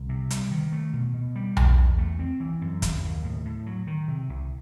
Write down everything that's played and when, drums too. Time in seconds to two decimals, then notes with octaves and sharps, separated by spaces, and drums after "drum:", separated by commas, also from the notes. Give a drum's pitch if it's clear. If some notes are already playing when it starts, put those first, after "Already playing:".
Already playing: C2
0.09 C3
0.30 G3, drum: hi-hat
0.51 D#3
0.72 A3
0.93 B2
1.14 B2
1.36 G3
1.57 E2, drum: tom B1
1.77 E2
1.99 A3
2.19 C4
2.40 E3
2.61 F#2
2.82 D#2, drum: kick, hi-hat
3.03 D#2
3.24 A2
3.45 A2
3.66 F#3
3.87 D#3
4.08 C3
4.29 C2